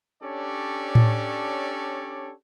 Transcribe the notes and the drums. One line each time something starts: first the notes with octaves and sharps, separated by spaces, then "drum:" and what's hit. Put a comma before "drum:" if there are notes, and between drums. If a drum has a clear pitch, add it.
C#4 D4 G4 A4 C#5 D5
drum: tom A2